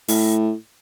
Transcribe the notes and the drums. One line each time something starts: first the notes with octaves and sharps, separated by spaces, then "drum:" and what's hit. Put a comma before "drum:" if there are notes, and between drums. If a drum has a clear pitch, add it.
A2, drum: open hi-hat